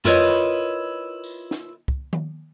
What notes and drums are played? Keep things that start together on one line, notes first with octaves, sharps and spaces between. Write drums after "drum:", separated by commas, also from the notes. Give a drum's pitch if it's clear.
E4 F4 A#4 B4 C#5 D#5, drum: tom F2
drum: tambourine
drum: snare
drum: kick
drum: tom D#3